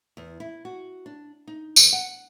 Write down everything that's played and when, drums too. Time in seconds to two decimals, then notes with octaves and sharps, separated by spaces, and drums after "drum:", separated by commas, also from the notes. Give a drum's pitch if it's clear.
0.17 E2
0.40 E4
0.65 F#4
1.06 D4
1.47 D#4
1.76 E2, drum: tambourine
1.93 F#5